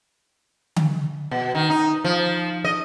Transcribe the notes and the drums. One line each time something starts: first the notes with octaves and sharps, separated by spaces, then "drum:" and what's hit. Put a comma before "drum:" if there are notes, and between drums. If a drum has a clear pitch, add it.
drum: tom D3
B2
D#3
D#4
F3
D#5